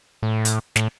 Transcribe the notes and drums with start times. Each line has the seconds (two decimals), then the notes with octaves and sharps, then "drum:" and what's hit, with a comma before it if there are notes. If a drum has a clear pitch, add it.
0.23 A2
0.45 drum: hi-hat
0.76 A2, drum: snare